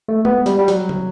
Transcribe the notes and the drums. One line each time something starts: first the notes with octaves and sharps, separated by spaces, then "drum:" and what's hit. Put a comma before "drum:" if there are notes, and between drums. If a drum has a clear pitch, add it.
A3
B3, drum: tom G#3
G3, drum: hi-hat
G3
F#3, drum: hi-hat
drum: tom